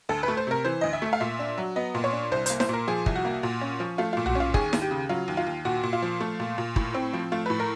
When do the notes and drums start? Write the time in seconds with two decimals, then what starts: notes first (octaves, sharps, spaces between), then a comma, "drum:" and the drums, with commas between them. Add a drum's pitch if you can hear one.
0.09 D2 A4
0.23 B4
0.28 A3
0.37 C5
0.47 C3 A#4
0.64 E3 C5
0.81 D2 D#5
0.93 E5
1.02 A3
1.13 F5
1.20 A#2 E5
1.39 D4
1.58 F#3
1.76 B3 D#5
1.95 A#2
2.04 C#5
2.13 D4
2.32 C2 C5
2.46 A#3 C5, drum: hi-hat
2.60 C5, drum: snare E4
2.69 A#2 A#4
2.88 F3 G#4
3.06 C2, drum: kick
3.15 F#4
3.25 A#3
3.43 A#2
3.61 C#4
3.80 F3
3.98 A3 F4
4.13 A#2 F4
4.26 F#4, drum: tom B1
4.35 C#4 F4
4.54 D#2 G#4, drum: kick
4.73 D#2, drum: snare E4
4.82 G4
4.91 C#3
5.09 F#3 F4
5.28 D#2
5.37 F4
5.47 D#2
5.65 A#2 F#4
5.83 A#2
5.93 F4
6.02 F3
6.20 A3
6.40 A#2
6.58 A#2
6.76 A2, drum: kick
6.94 C4
7.13 F3
7.32 A3 F4
7.46 A2 B4
7.60 A#4